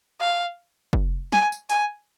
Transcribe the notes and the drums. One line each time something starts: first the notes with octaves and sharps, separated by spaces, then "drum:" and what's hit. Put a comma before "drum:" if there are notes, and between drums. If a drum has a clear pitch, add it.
F5
drum: kick
G#5, drum: snare
drum: tambourine
G#5, drum: hi-hat